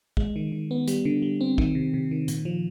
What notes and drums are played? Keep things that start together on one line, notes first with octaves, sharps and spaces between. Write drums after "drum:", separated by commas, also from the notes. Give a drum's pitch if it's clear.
G#3, drum: kick A#1
D#3
D#3
B3
G3, drum: hi-hat
D3
G3
C4
D#3, drum: kick A#1
C3
C3
D#3
A#2, drum: hi-hat
F3